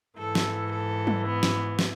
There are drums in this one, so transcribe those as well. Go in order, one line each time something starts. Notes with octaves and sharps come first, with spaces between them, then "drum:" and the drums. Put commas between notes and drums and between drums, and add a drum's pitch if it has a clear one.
G#2 E3 A4
drum: snare
A4
drum: tom F#3
B3
drum: snare
drum: snare